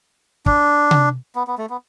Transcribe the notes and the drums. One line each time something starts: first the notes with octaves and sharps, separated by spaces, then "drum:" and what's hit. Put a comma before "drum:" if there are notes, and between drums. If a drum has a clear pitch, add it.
D4, drum: kick
drum: tom C3
B3
B3
A3
B3